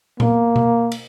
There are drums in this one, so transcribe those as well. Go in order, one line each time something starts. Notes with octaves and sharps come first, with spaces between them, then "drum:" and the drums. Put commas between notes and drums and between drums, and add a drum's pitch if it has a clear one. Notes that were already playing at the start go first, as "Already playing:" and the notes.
A#3, drum: tom A#2
drum: tom B2
drum: cymbal